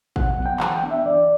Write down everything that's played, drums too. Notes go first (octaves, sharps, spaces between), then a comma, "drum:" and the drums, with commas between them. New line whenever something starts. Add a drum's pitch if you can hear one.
B2 F#5, drum: kick A1
F#5
F#3 B3
G5
E3 F#5, drum: clap
G5
B3 D4
E5
E3 D5